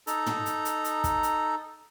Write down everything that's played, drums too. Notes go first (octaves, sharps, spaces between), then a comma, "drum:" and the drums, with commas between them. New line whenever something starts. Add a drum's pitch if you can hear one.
D#4 A4 A#5, drum: hi-hat
drum: tom
drum: hi-hat
drum: hi-hat
drum: hi-hat
drum: kick, hi-hat
drum: hi-hat